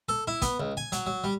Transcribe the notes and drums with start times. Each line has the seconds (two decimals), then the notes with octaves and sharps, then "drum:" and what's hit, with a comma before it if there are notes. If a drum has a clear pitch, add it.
0.09 A4
0.28 E4
0.42 B3, drum: kick, hi-hat
0.60 C#2
0.77 G#5
0.92 F#3, drum: hi-hat
1.07 F#3
1.24 G3